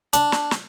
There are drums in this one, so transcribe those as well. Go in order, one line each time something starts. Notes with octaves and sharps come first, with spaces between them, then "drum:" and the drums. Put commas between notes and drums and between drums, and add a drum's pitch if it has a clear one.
D4, drum: hi-hat
drum: snare
drum: snare